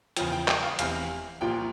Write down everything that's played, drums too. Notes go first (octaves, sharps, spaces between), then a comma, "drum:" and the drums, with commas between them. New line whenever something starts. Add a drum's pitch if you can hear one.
E2 C#3 F3 G5, drum: hi-hat
G5
G5, drum: clap
F5
F1 E2 C3 F5, drum: hi-hat
C2 A#2 F3 G5